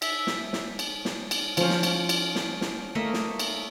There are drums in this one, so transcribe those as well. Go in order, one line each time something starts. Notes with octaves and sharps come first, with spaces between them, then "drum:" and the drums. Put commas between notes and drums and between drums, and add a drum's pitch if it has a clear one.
E5, drum: cymbal
drum: snare
drum: snare
drum: cymbal
drum: snare
drum: cymbal
F3 C#4, drum: cymbal
drum: snare
drum: cymbal
drum: cymbal
drum: snare
drum: snare
A3 A#3 D#5 E5
drum: snare
drum: cymbal